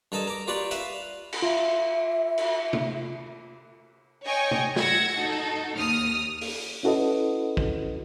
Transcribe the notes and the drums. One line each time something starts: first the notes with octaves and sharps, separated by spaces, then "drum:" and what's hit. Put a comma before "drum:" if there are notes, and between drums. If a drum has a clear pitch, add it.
G2 A4 A#4 D#5 A5
A#4 D6
F4 G4 B4 D5 C#6
B4 E5 F5, drum: hi-hat
drum: cymbal
F4 E5
drum: cymbal
drum: tom
C#5 D#5 G5 G#5 C#6
drum: tom
F#5 E6 G#6 A#6 C#7, drum: snare
D#4 F#4 A4
D#2 D#6 F6
drum: open hi-hat
C#4 E4 F#4 A4 B4 D#5
drum: kick